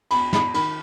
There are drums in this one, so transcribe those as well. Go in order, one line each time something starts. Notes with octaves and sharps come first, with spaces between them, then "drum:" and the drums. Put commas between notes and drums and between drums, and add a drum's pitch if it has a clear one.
E2 B5, drum: cymbal
E2 B5, drum: snare
D#3 B5, drum: cymbal